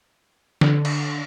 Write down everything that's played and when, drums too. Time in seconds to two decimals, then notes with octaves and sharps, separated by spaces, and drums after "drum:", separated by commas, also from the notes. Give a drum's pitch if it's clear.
0.61 D3, drum: snare
0.85 drum: cymbal